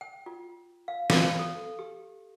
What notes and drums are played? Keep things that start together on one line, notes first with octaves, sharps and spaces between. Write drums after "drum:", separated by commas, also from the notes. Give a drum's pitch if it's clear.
G5
F4
F5
F5, drum: snare
A4
G4